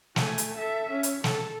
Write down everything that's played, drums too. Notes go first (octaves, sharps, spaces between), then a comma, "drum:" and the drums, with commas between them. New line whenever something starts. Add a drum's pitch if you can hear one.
A3 G#5, drum: snare
drum: hi-hat
A4 E5
C#4
drum: hi-hat
A4, drum: snare